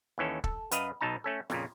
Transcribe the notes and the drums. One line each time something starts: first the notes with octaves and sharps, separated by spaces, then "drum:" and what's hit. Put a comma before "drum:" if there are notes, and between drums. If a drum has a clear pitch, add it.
D#2 E3 C#4 A4
A4, drum: kick
F#2 B4 D#5 F5, drum: hi-hat
B1 B2 D#4 A5 A#5
A3 C#4 A4
F2 A#2 C#3, drum: snare